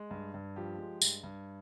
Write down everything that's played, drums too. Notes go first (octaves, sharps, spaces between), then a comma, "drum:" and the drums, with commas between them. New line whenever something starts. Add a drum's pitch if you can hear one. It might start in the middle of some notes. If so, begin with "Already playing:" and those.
Already playing: G#3
G2
G2
F3 G4
G#3
G2, drum: tambourine
G2